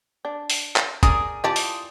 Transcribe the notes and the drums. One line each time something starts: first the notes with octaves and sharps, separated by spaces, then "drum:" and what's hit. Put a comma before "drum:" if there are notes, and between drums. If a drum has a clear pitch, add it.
D4
drum: open hi-hat
drum: clap
G#4 A#4 D5 D#6, drum: kick, hi-hat
E3 F4 G4 D5 A5
drum: open hi-hat